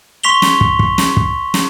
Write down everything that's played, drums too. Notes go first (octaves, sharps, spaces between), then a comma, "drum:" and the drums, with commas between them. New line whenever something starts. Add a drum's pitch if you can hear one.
C6 C#6 B6 F7 G7
drum: snare
drum: kick
drum: kick
drum: snare
drum: kick
drum: snare